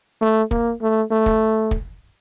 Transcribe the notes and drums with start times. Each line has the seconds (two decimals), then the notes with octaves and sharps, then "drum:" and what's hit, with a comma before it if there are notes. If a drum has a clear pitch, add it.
0.21 A3
0.51 A#3, drum: kick
0.82 A3
1.11 A3
1.26 drum: kick
1.71 drum: kick